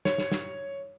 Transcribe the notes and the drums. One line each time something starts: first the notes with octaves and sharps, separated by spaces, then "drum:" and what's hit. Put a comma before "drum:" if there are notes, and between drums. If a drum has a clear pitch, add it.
C#5, drum: snare
drum: snare
drum: snare